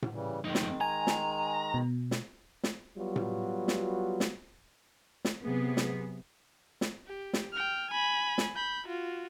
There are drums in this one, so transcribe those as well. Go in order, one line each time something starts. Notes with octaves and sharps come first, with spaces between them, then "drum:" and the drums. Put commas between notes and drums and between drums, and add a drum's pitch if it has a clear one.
drum: tom A2
C#3 E3 G3
F2 D#3 G#3 D#4
drum: snare
G#5 A#5
drum: snare
B2
drum: snare
drum: snare
F#3 G3 B3 F4 F#4
drum: tom A2
drum: snare
drum: snare
drum: snare
C3 F#3 B3 G#4
drum: snare
drum: snare
G4
drum: snare
G5 F6
G#5 B5
drum: snare
B5 G6
F4 F#4